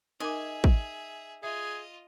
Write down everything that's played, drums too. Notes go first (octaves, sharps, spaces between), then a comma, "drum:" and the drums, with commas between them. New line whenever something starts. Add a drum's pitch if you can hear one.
D#4 G#4 A#4 D#5 E5 G#5 D6
drum: kick
F4 G#4 D#5 E5